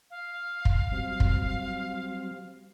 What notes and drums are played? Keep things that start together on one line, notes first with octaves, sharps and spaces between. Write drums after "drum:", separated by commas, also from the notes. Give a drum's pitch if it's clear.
F5
drum: kick
F#3 G3 C4
drum: kick